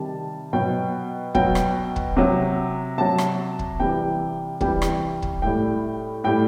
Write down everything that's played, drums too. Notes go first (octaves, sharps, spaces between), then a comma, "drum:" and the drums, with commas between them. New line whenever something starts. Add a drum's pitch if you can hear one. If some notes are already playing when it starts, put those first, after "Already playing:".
Already playing: C3 D#3 G3 A5
B2 F#3 G5
B2 F#3 G5, drum: kick
drum: rim click
drum: kick
C3 F#3
C3 F#3 A5
drum: rim click
drum: kick
C3 E3 G3 G5
C3 E3 G3 G5, drum: kick
drum: rim click
drum: kick
A2 G3 G5
A2 G3 G5